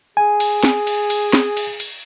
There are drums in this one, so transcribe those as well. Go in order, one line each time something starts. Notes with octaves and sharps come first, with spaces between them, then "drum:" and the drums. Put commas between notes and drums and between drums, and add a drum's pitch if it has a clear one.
G#4 G#5
drum: cymbal
drum: snare
drum: cymbal
drum: cymbal
drum: snare
drum: cymbal
drum: cymbal